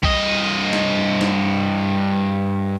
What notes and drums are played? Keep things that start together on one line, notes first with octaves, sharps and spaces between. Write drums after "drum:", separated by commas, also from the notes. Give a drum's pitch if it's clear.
G2 D#5, drum: kick B1
drum: snare
drum: snare